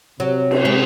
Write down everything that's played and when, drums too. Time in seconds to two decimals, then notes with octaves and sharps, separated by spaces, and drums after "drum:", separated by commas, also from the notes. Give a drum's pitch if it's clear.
0.20 C3 F#3
0.51 drum: cymbal
0.65 G#3